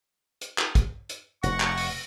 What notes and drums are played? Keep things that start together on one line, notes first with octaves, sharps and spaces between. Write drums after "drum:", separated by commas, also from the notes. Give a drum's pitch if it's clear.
drum: hi-hat
drum: clap
drum: kick, hi-hat
drum: hi-hat
F1 F#5 C#6 A#6, drum: hi-hat
drum: clap
drum: open hi-hat